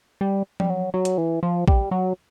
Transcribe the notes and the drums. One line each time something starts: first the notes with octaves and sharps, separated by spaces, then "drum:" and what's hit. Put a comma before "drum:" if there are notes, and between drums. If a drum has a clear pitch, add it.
G3
G3, drum: tom F3
F#3
F#3
drum: hi-hat
E3
F3
G3, drum: kick A#1
F#3